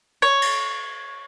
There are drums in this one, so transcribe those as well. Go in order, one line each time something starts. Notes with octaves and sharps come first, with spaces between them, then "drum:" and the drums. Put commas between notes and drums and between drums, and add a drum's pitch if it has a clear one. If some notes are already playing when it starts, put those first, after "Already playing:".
C#5
drum: cymbal